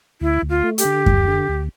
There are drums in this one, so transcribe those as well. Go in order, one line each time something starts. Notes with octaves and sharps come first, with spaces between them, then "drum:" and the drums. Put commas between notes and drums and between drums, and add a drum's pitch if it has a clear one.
D2 E4
D2
F4
A3
G4, drum: hi-hat
D3
D2, drum: kick F#2
D3
D2